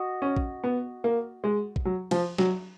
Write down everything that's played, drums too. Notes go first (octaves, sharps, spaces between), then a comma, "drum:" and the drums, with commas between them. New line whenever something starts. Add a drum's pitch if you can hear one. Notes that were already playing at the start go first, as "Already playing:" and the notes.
Already playing: F#4 D#5
C#4
drum: kick
B3
A#3
G#3
drum: kick
F#3
F3, drum: cymbal
F#3, drum: snare